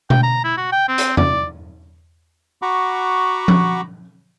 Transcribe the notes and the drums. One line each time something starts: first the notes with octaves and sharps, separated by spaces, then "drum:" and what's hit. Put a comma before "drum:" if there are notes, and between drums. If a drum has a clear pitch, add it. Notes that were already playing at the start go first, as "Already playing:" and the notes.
G5, drum: tom B2
A#5
E4
F#4
G5
C4
drum: hi-hat
D5, drum: tom E2
F#4 F#5 A#5 B5 C#6 D6
drum: tom F3